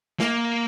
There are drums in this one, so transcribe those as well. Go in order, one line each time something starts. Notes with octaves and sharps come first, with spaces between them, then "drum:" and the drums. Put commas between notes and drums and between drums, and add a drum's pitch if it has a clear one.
A#3, drum: snare